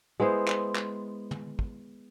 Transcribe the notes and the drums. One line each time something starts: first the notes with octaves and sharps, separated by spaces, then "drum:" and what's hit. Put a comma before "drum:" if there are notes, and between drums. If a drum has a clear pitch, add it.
G#3 B3 E4 C5
drum: clap
drum: clap
drum: tom
drum: kick